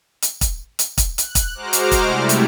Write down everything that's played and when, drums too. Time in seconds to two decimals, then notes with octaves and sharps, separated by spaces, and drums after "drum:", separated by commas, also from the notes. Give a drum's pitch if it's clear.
0.22 drum: hi-hat
0.41 drum: kick, hi-hat
0.79 drum: hi-hat
0.98 drum: kick, hi-hat
1.18 F#6, drum: hi-hat
1.35 drum: kick, hi-hat
1.54 G#3 F#4 C5 A#5 D6 F6
1.73 drum: hi-hat
1.92 drum: kick, hi-hat
2.02 C3 G3 A3 E4
2.29 drum: hi-hat